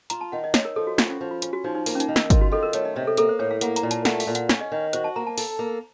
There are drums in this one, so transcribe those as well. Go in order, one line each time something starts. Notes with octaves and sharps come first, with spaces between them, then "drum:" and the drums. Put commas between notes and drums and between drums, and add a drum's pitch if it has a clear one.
F4 A#5, drum: hi-hat
A5
D#3 F#5
D#5
D#4 C#5, drum: snare
A#4
F3 A4
F#4
F4 F#4, drum: snare
C#4
F3
F4
C#4 F4, drum: hi-hat
F#4
F3 D#4
D#4
A#3 D#4, drum: open hi-hat
C#4
D#4, drum: hi-hat
D#3
A#4, drum: snare
F4, drum: kick, hi-hat
F#4
D#3 A4
A#4
A3 C#5, drum: hi-hat
D#5
C3 D#5
A4
A#3 A4, drum: hi-hat
C5
A2 C#5
F5
A#3 F#5, drum: hi-hat
A#5, drum: hi-hat
A#2
A5, drum: hi-hat
A3 F#5, drum: snare
F5, drum: open hi-hat
A#2
F#5, drum: hi-hat
C#4 F5, drum: snare
D#5
D#3
F#4 C5, drum: hi-hat
A5
A#3 A#5
A5
A4, drum: open hi-hat
A#3